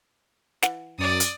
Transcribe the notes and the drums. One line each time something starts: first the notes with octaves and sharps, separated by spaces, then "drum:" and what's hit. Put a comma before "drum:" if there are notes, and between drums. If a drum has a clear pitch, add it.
E3 F#5, drum: snare
F#2 D5 D#6
drum: hi-hat